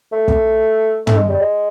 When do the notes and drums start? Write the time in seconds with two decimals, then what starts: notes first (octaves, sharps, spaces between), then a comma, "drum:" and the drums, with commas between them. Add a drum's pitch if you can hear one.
0.12 A3
0.28 drum: kick
1.07 A3, drum: tom
1.18 G#3
1.29 G3
1.40 G#3